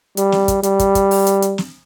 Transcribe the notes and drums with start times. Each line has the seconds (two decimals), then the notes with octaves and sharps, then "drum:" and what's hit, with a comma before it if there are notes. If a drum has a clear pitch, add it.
0.17 G3, drum: hi-hat
0.32 drum: snare
0.48 drum: kick, hi-hat
0.63 G3, drum: hi-hat
0.79 drum: kick, hi-hat
0.95 drum: kick, hi-hat
1.11 drum: open hi-hat
1.27 drum: hi-hat
1.42 drum: hi-hat
1.58 drum: snare